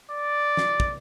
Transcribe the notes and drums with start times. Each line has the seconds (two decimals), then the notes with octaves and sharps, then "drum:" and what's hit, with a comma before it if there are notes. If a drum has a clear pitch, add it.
0.11 D5
0.57 drum: snare
0.80 drum: kick